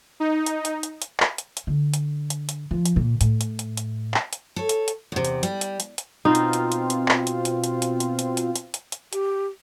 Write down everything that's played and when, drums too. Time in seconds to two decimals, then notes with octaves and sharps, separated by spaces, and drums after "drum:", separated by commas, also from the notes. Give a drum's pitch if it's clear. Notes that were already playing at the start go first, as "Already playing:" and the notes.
0.20 D#4
0.46 drum: hi-hat
0.65 drum: hi-hat
0.83 drum: hi-hat
1.02 drum: hi-hat
1.20 drum: clap
1.38 drum: hi-hat
1.57 drum: hi-hat
1.67 D3
1.94 drum: hi-hat
2.30 drum: hi-hat
2.49 drum: hi-hat
2.71 F3
2.85 drum: hi-hat
2.96 A#2
3.21 A2, drum: hi-hat
3.41 drum: hi-hat
3.59 drum: hi-hat
3.77 drum: hi-hat
4.14 drum: clap
4.33 drum: hi-hat
4.56 A4 C#5
4.69 drum: hi-hat
4.88 drum: hi-hat
5.12 E2 C3
5.25 drum: hi-hat
5.43 G3, drum: hi-hat
5.61 drum: hi-hat
5.80 drum: hi-hat
5.98 drum: hi-hat
6.25 B2 C4 D#4 F4
6.35 drum: hi-hat
6.53 drum: hi-hat
6.72 drum: hi-hat
6.90 drum: hi-hat
7.08 drum: clap
7.27 drum: hi-hat
7.45 drum: hi-hat
7.64 drum: hi-hat
7.82 drum: hi-hat
8.00 drum: hi-hat
8.19 drum: hi-hat
8.37 drum: hi-hat
8.56 drum: hi-hat
8.74 drum: hi-hat
8.92 drum: hi-hat
9.13 G4, drum: hi-hat